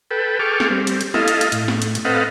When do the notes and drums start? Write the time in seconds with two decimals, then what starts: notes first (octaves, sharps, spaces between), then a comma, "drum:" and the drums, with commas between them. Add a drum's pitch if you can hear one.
0.11 A4 B4 G5
0.39 G#4 A4 G5 C#6 D6 F6
0.60 drum: snare
0.70 G3 C4
0.87 drum: hi-hat
1.01 drum: hi-hat
1.14 E4 A4 D#5 F5, drum: snare
1.28 drum: hi-hat
1.41 drum: hi-hat
1.52 A2, drum: hi-hat
1.68 drum: snare
1.82 drum: hi-hat
1.95 drum: hi-hat
2.05 C4 A4 B4 D#5 F5 F#5